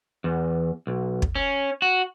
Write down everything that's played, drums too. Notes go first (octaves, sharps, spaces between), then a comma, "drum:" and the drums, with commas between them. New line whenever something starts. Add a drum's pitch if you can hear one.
E2
B1
drum: kick
C#4
F#4